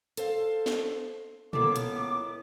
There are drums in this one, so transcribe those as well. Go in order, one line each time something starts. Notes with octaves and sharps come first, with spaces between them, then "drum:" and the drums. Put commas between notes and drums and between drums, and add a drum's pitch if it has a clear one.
A4 C5 F5, drum: hi-hat
drum: snare
C#2 A#3 B3 E4 A4 D6, drum: tom A#2
drum: hi-hat